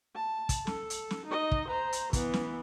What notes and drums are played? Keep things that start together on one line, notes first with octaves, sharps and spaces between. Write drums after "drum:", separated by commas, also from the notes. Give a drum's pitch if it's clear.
A5
drum: kick, hi-hat
A4, drum: snare
drum: hi-hat
drum: snare
D#4 D#5
drum: kick
C5 A#5
drum: hi-hat
E3 B3, drum: kick, hi-hat
drum: snare